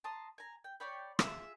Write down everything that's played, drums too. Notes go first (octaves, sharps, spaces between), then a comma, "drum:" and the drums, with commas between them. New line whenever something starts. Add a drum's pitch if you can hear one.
A5 A#5 C6 D#6
G#5 A#5
G5
C#5 D5 G5 B5
F4 G#4 E5, drum: rim click